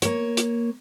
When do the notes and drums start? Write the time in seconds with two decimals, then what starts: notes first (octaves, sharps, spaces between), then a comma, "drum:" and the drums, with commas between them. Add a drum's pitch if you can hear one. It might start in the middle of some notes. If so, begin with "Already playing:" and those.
0.02 A#3 C#5, drum: hi-hat
0.37 drum: hi-hat